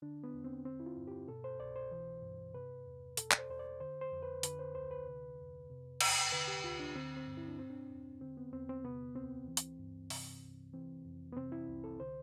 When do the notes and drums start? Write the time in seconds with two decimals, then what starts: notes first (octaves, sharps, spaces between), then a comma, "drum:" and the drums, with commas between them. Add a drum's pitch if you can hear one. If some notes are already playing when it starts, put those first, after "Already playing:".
0.02 D3 D4
0.24 B3
0.34 E2
0.44 C4
0.65 D3 C4
0.80 E4
0.86 F4
0.97 G2
1.08 G4
1.28 B2 A4
1.44 C5
1.60 C2 D5
1.76 C5
1.91 E3
2.23 G2
2.54 C3 B4
2.86 E2
3.17 B2 A4, drum: hi-hat
3.31 D5, drum: clap
3.38 C5
3.49 E2 C5
3.59 D5
3.80 D3 C5
4.01 C5
4.12 F2
4.22 B4
4.43 D3 B4, drum: hi-hat
4.59 C5
4.74 D2 C5
4.91 B4
5.06 C3
5.38 F2
5.70 C3
6.00 E2, drum: cymbal
6.32 D3 B4
6.48 G4
6.64 D2 F4
6.80 D4
6.95 D3 C4
7.17 C4
7.27 G2
7.37 E4
7.48 D4
7.59 B2 C4
7.70 D4
7.90 E2
8.21 D3 C4
8.37 B3
8.53 E2 C4
8.69 C4
8.84 C3 B3
9.16 D2 C4
9.47 E3
9.57 drum: hi-hat
9.79 G2
10.10 C3, drum: open hi-hat
10.42 C2
10.74 E3 C4
11.05 F2
11.32 B3
11.36 C3 C4
11.52 E4
11.68 C2
11.84 A4
11.99 D3 C5